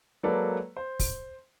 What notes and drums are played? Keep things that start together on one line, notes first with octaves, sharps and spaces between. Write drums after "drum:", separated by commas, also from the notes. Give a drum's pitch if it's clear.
F#3 G#3 A#3 A4 B4 D5
C5
drum: kick, open hi-hat